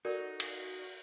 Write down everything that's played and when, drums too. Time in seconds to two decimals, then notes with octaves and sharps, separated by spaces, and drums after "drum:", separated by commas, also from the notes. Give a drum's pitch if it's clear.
0.05 D#4 F#4 A4 A#4 D5
0.40 drum: cymbal